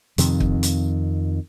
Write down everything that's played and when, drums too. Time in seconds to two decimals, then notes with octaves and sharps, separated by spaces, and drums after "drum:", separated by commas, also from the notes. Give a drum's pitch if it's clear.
0.18 F2 C3 D#3, drum: hi-hat
0.40 drum: kick
0.63 drum: hi-hat